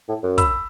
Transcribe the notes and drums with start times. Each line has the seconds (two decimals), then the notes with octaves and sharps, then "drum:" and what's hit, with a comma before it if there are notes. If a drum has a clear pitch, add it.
0.08 A2
0.23 F#2
0.38 B5 E6, drum: kick, hi-hat